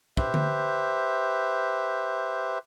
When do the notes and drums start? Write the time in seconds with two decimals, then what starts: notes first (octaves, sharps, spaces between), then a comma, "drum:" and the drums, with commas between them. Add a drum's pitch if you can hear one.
0.17 G4 B4 C5 E5, drum: kick
0.34 drum: tom D3